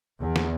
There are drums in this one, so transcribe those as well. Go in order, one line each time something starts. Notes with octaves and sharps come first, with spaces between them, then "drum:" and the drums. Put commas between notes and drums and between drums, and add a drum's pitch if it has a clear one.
E2
drum: snare